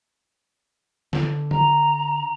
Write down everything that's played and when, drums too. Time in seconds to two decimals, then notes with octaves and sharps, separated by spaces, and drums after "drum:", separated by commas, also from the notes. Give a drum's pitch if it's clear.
1.13 D3, drum: snare
1.51 A#5, drum: tom